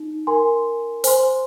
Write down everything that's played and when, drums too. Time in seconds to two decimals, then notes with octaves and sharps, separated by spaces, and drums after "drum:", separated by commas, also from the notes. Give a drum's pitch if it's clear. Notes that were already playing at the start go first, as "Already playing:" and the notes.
Already playing: D#4
0.27 A#4 G#5 C6
1.04 C5 G#5 C6, drum: open hi-hat